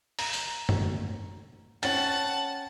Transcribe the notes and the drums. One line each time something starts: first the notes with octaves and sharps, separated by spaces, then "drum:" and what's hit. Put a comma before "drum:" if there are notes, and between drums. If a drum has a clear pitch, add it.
A#5, drum: open hi-hat
drum: tambourine
drum: tom F#2
C#4 F#5 G5 A5 A6, drum: hi-hat